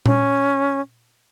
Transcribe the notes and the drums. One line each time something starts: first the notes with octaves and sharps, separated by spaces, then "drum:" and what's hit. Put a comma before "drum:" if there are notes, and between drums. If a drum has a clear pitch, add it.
C#4, drum: tom A#2